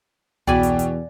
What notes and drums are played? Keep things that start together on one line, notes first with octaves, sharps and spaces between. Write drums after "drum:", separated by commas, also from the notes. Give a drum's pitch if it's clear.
E2 B2 D5 G5 G#5 B5, drum: tom C2
drum: hi-hat
drum: hi-hat